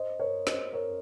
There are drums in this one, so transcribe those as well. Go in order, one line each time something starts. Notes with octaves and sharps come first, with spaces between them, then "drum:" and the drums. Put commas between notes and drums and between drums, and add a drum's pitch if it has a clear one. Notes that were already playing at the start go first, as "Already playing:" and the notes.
Already playing: C5 D#5
A#4 C#5
C5 D#5, drum: snare
A#4 C#5